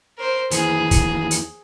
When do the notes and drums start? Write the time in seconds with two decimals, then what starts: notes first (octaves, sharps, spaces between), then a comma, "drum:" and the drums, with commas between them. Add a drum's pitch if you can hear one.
0.18 A#4 C5
0.51 D#2 E3 G#4, drum: hi-hat
0.91 drum: kick, hi-hat
1.31 drum: hi-hat